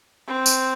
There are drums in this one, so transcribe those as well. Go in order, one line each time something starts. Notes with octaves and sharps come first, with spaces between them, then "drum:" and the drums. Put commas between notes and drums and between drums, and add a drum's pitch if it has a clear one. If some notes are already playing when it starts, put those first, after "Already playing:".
C4
drum: tambourine